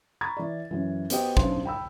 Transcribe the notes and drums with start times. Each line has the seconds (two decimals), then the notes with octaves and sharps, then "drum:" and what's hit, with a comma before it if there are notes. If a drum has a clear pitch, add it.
0.21 A#5 B5 C#6 G#6 A6
0.37 E3 D5
0.71 F#2 E3
1.10 B3 F#4 G4 C5 D#5 G5, drum: hi-hat
1.37 B1 F#2 F#3 D4 C5 C6, drum: kick
1.65 G5 B5 E6